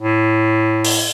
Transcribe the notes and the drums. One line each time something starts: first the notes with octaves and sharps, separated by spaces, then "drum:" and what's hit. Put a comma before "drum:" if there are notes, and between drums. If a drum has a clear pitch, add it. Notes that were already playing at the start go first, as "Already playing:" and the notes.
A2
drum: open hi-hat